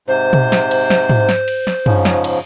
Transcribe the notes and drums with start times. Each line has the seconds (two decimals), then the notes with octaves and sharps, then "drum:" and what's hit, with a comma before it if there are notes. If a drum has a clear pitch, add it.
0.08 G#2 C3 C5
0.33 drum: tom
0.52 drum: snare
0.71 drum: cymbal
0.90 drum: snare
1.09 drum: tom
1.29 drum: snare
1.48 drum: cymbal
1.67 drum: snare
1.86 G#2 C#3 F3, drum: tom
2.05 drum: snare
2.24 drum: cymbal